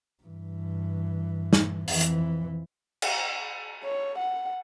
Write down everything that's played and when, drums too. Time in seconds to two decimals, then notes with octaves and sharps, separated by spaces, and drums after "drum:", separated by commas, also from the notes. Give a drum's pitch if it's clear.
0.23 G2 E3
1.53 drum: snare
1.88 F2 E3, drum: open hi-hat
2.01 drum: hi-hat
3.02 drum: cymbal
3.84 C#5
4.18 F#5